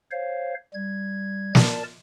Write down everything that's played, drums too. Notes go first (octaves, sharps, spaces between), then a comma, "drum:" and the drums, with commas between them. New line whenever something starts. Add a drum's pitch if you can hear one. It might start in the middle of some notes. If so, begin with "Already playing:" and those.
C5 C#5 F5
G3 G#6
A#4 D5 A5, drum: snare